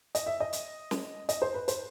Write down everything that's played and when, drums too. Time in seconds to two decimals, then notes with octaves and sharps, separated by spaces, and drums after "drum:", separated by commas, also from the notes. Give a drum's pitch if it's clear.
0.15 D#5, drum: hi-hat
0.26 E5
0.40 D#5
0.53 drum: hi-hat
0.91 drum: snare
1.29 D#5, drum: hi-hat
1.42 C5
1.54 B4
1.68 C5, drum: hi-hat